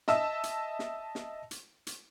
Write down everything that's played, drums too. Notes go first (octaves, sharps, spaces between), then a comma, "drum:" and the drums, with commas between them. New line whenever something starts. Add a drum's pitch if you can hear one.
D#5 E5 A5 E6, drum: snare
drum: hi-hat
drum: snare
drum: snare
drum: hi-hat
drum: hi-hat